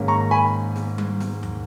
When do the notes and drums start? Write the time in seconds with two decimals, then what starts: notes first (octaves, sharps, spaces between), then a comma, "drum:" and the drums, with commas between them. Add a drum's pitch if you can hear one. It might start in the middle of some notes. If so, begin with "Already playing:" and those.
Already playing: G#2 D#3 A#3 C#4
0.08 A#5 C#6
0.31 G#5 B5
0.76 drum: snare
0.98 drum: tom G3
1.20 drum: snare
1.43 drum: tom D#2